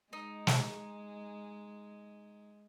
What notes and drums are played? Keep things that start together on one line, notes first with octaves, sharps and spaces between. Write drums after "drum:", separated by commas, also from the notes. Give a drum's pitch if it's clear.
G#3 D#4
drum: snare